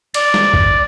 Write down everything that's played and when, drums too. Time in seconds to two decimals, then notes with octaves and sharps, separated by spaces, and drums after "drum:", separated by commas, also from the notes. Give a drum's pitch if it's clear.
0.14 D5, drum: cymbal
0.34 drum: snare
0.54 drum: kick